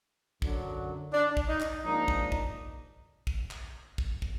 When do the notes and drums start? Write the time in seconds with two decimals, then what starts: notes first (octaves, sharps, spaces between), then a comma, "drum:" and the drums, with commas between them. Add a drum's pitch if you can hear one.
0.42 F#2 D3 F#3, drum: kick
1.13 D4
1.37 drum: kick
1.49 D#4
1.61 drum: clap
1.84 G#2 F3 A#3 D4 D#4
2.08 drum: kick
2.32 drum: kick
3.27 drum: kick
3.51 drum: clap
3.98 drum: kick
4.22 drum: kick